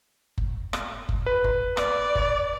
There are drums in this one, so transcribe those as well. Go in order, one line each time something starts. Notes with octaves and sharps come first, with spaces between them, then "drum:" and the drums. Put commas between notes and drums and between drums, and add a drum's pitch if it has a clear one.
drum: kick F#1
drum: rim click
drum: kick F#1
B4
drum: kick F#1
D5, drum: rim click
drum: kick F#1